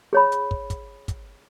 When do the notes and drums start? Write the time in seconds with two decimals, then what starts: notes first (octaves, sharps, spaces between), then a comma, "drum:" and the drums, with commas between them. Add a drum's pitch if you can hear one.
0.13 G#4 C#5 B5
0.32 drum: hi-hat
0.51 drum: kick
0.70 drum: kick, hi-hat
1.08 drum: kick, hi-hat